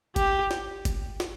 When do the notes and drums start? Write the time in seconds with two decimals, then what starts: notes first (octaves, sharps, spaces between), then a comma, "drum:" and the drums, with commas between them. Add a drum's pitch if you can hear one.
0.16 G4, drum: kick G1, hi-hat
0.51 drum: snare
0.85 drum: kick G1, hi-hat
1.20 drum: snare